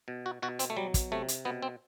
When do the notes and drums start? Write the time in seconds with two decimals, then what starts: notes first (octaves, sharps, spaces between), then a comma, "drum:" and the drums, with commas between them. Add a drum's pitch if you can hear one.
0.08 B2
0.26 F#4
0.42 B2 F#4
0.59 C4, drum: hi-hat
0.70 A3
0.77 F#3 G3
0.94 drum: kick, hi-hat
1.12 C3 A3
1.28 drum: hi-hat
1.45 B2 B3
1.63 C4